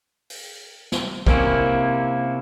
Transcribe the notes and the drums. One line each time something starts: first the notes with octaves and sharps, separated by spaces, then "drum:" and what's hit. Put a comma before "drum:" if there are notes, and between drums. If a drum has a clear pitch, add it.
drum: open hi-hat
drum: snare
C3 A#3 C#4 E4, drum: kick